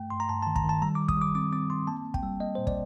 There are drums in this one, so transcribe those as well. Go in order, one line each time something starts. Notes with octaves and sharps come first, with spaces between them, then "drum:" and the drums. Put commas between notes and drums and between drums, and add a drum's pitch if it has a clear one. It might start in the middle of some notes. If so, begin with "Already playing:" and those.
Already playing: G2 A3 G5
G2 C6
A#5
G2 A5
A5
D#3
A#5, drum: kick
D#3 A5
G3 A#5
D6
G3
D#6, drum: kick
G3 D6
C4 D6
C4 D6
C4 C6
A#3 A5
A#3
G5, drum: kick
G3
A#3 D#5
A#2 C5
D5, drum: kick